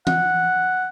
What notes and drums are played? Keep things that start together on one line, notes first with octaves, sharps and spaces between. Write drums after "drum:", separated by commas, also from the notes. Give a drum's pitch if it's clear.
F#5, drum: tom E3